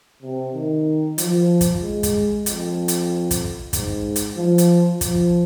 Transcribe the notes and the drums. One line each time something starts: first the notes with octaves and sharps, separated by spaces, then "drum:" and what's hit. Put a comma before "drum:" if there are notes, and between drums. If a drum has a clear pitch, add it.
C3
D#3
F3, drum: hi-hat
drum: kick, hi-hat
G#3
drum: kick, hi-hat
F2, drum: hi-hat
drum: hi-hat
drum: kick, hi-hat
G#2, drum: kick, hi-hat
drum: hi-hat
F3
drum: hi-hat
F3, drum: kick, hi-hat